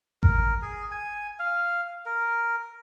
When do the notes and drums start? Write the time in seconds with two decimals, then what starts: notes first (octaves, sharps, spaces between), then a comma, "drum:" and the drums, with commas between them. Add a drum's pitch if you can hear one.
0.23 A#4, drum: kick G#1
0.62 G#4
0.91 G#5
1.39 F5
2.06 A#4